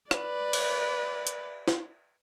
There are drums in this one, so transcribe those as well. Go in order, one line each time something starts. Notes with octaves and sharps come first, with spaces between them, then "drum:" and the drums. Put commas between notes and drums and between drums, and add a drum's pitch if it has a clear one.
B4 D5, drum: rim click
drum: cymbal
drum: hi-hat
drum: snare